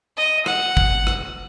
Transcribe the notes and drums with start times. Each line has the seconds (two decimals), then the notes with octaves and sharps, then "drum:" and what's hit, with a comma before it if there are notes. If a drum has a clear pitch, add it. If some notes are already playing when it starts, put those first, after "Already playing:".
0.17 D#5
0.46 F#5, drum: rim click
0.77 drum: kick
1.07 drum: rim click